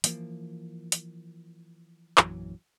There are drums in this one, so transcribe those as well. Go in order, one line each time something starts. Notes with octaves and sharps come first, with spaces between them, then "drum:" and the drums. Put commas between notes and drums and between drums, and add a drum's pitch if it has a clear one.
E3 F3 A#3, drum: hi-hat
drum: hi-hat
A#1 F#2 E3 F#3, drum: clap